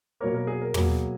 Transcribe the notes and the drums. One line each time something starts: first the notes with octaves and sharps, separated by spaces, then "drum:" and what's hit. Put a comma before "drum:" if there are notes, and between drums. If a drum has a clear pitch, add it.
B2 F#3 A#3 A#4 C#5
A#4
G#4
A#4
B2 F#3 A#3 G#4, drum: tom